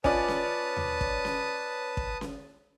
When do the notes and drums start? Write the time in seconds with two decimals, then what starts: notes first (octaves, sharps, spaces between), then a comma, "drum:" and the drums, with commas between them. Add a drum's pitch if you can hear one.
0.04 C#4 F4 B4 D5 D#5 G#5 A5 D#6, drum: kick
0.28 drum: snare C#4
0.77 drum: tom D#2
1.01 drum: kick
1.25 drum: snare C#4
1.97 drum: kick
2.21 drum: snare C#4